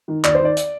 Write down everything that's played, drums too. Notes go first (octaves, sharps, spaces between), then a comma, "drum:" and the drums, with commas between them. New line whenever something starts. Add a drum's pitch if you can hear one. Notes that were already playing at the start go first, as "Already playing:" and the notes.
D#3
D#2 D5, drum: clap
C5
D#3 D5
drum: hi-hat